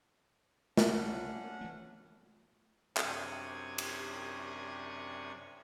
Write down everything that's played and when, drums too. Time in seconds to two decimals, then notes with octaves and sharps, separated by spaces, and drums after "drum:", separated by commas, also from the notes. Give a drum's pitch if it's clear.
0.77 C#2 C3 C#4 D4 F#5, drum: snare
1.61 E3 A3
2.97 F#2 C3 D4 C#6 D#6 G#6, drum: clap
3.78 drum: cymbal